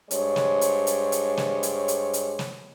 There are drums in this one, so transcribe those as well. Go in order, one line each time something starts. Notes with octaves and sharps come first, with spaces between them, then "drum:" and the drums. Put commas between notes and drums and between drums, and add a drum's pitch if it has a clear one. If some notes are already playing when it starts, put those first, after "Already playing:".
G2 G#3 C5 C#5, drum: hi-hat
drum: snare
drum: hi-hat
drum: hi-hat
drum: hi-hat
drum: snare
drum: hi-hat
drum: hi-hat
drum: hi-hat
drum: snare